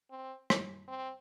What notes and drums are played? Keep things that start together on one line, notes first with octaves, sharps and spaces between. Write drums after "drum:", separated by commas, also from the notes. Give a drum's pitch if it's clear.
C4
drum: rim click
C4